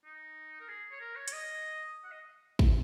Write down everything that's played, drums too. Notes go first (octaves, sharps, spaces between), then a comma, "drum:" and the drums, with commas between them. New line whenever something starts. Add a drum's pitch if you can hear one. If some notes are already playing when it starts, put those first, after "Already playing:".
D#4
A#4
G#4
C#5
A#4
C#5
C#5, drum: hi-hat
D#5
F#5
D#5
drum: kick